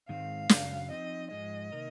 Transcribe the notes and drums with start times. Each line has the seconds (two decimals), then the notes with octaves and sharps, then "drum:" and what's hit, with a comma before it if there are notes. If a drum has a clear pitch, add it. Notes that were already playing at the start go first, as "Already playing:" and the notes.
0.09 G#2 D#3 G#3 C4 F5
0.49 F#2 C#3 F#3, drum: snare
0.90 F3 C4 D#4 D#5
1.31 G#2 F3 G#3 D#5
1.72 C3 D#3 A#3 D#4 A#4